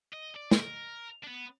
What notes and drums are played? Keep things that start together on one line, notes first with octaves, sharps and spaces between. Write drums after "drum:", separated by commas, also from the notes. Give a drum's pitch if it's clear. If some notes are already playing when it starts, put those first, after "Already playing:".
D#5
D5
G#4, drum: snare
A#4
D4
B3